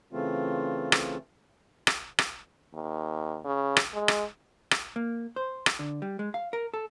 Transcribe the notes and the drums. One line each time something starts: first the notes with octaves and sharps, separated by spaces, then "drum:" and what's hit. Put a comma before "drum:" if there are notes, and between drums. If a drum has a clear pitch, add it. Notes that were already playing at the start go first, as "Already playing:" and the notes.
C#3 E3 A3 C4 F4
drum: rim click
drum: rim click
drum: rim click
D#2
C#3
drum: rim click
G#3
drum: rim click
drum: rim click
A#3
C5
drum: rim click
D3
G3
G#3
F5
A#4
A4